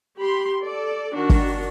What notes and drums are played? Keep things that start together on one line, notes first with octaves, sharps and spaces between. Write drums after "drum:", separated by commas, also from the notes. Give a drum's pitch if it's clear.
G4 B5 C6
A4 D5
D#3 D4 F#4
drum: kick